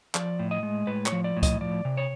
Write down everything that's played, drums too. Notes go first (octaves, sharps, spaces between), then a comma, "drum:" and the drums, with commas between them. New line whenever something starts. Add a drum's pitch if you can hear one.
F3 D5, drum: clap
A2
D#5
G#3
A2 B4
C#5, drum: clap
F3
D5
A2
D#5, drum: kick C#2, hi-hat
F3 D5
C3
C#5